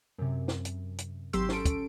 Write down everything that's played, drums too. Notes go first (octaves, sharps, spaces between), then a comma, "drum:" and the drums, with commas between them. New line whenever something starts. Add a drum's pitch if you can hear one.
F#2 C3
drum: snare
drum: hi-hat
drum: hi-hat
G#1 F#3 G4 C6 E6, drum: hi-hat
C#4 A4 D7, drum: snare
drum: kick, hi-hat